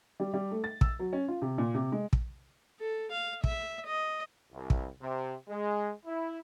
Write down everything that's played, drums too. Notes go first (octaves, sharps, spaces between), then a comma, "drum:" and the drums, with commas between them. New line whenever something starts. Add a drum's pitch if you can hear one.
G3
G3
A3
A6
E6, drum: kick
F#3
C#4
F4
C3
A#2
C3
G#3
drum: kick
A4
F5
E5, drum: kick
D#5
C2
drum: kick
C3
G#3
E4